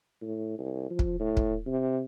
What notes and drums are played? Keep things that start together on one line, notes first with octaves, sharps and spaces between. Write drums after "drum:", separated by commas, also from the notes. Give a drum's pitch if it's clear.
A2
C2
F3
drum: kick
A2
drum: kick
C3